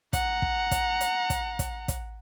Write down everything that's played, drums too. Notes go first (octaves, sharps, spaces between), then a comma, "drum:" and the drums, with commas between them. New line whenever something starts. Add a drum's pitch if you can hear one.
F#5 A#5, drum: kick, hi-hat
drum: kick
drum: kick, hi-hat
drum: hi-hat
drum: kick, hi-hat
drum: kick, hi-hat
drum: kick, hi-hat